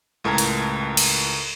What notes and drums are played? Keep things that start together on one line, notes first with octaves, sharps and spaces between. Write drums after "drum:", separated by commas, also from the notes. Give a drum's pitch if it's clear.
C#2 A2 A#4 A5 A#5 G#6
drum: hi-hat
drum: cymbal